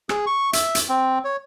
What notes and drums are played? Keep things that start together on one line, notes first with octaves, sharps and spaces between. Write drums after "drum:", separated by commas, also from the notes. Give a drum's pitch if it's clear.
G#4, drum: rim click
C#6
E5, drum: hi-hat
drum: hi-hat
C4
C#5